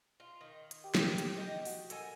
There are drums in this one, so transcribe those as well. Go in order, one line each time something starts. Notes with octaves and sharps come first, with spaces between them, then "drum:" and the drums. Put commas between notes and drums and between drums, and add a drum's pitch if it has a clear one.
F4
D#3
drum: hi-hat
G4
drum: snare
drum: hi-hat
G4 D#5
F#4, drum: open hi-hat
A4 A#4 G#5, drum: hi-hat